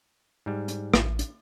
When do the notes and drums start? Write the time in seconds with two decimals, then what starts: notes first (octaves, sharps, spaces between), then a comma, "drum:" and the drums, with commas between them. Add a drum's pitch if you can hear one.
0.46 G#2 G3
0.68 drum: hi-hat
0.94 A1, drum: rim click
1.19 drum: hi-hat